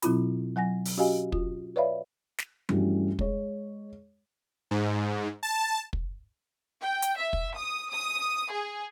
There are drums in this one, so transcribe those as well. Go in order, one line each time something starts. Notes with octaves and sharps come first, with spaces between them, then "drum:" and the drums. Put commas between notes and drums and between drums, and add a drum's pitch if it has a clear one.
B2 F#3 C4 E4 F4 B5, drum: hi-hat
F#3 F#5 G#5 A#6
drum: open hi-hat
C#4 F#4 G4 D#5 F5 G#5
F4, drum: kick
B4 C#5 D5 E5 F5 B5
drum: snare
G2 E3 G3 A3 C#4 F#4, drum: tom F3
G#3 C#5, drum: kick
G#2
A5
drum: kick
G5
drum: hi-hat
E5
drum: kick
D#6
D#6
G#4